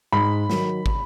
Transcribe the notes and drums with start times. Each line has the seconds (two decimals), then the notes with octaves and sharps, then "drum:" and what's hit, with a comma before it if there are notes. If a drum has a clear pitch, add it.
0.12 G#2 B5
0.50 D#3 F#3, drum: snare
0.86 drum: kick